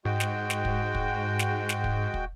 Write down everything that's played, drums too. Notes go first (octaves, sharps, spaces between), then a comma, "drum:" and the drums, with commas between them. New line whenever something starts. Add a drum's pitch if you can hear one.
G#2 G#3 F#4 G5
drum: snare
drum: snare
drum: kick
drum: kick
drum: snare
drum: snare
drum: kick
drum: kick